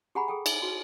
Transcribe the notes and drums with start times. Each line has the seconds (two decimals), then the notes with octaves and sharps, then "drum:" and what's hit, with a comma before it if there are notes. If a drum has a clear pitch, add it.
0.15 G4 G#4 F#5 G#5 A#5 B5
0.28 G#4 A4 G5
0.46 E5, drum: cymbal
0.62 F#4